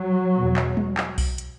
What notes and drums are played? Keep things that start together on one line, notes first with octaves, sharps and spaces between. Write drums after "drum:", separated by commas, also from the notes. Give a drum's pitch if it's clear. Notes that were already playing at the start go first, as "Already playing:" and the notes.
Already playing: F#3
E2 B2
drum: clap
drum: tom G3
drum: clap
drum: kick B1, open hi-hat
drum: hi-hat